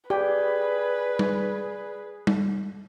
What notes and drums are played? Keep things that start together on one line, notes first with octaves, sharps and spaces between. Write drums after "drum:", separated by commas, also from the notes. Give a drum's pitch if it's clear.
G4 G#4 B4 D5
drum: tom G3
drum: tom G3